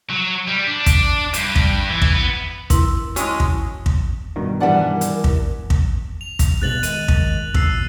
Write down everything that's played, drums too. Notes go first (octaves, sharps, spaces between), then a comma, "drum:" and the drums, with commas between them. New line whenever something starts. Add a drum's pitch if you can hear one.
F#3
G3
D4
drum: kick, hi-hat
G2, drum: hi-hat
drum: kick
E3
drum: kick
B3
E4 A#4 C6, drum: kick, hi-hat
G#3 C#4 F#4 G#5 A5, drum: hi-hat
drum: kick
drum: kick
G2 B2 D#3 F#4
E3 G3 D4 A#4 D5 F#5
drum: hi-hat
drum: kick
drum: kick
F7
drum: kick, hi-hat
G2 B2 F#6 A6 F#7
D#3 G#3 D#7, drum: hi-hat
drum: kick
D#2 A#2 E6 C7, drum: kick